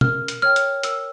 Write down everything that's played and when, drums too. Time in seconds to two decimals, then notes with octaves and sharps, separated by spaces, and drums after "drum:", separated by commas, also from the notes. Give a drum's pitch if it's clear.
0.01 A#4 F6, drum: tom B2
0.28 drum: hi-hat
0.42 C#5 G5 F6
0.56 drum: hi-hat
0.83 A#4 E6, drum: hi-hat